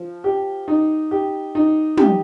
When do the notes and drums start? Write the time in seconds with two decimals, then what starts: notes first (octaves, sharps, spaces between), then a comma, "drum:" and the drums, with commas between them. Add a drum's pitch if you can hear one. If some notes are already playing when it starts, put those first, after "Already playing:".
Already playing: F3
0.24 G4
0.68 D#4
1.11 G4
1.55 D#4
1.98 G4, drum: tom